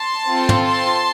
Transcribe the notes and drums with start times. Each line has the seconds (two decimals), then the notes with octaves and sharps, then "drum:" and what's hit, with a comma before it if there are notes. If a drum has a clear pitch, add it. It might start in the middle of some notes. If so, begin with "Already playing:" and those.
Already playing: A5 C6
0.30 C4 F4 A4
0.49 drum: tom
0.66 A5 C6